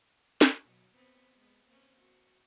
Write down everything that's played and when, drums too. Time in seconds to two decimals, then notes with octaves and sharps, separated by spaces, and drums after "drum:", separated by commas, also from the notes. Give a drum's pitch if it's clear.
0.41 drum: snare
0.64 B2 F#3
0.95 B3 C4
1.37 G#3 B3
1.68 A#3 C4 C#4
2.01 F#4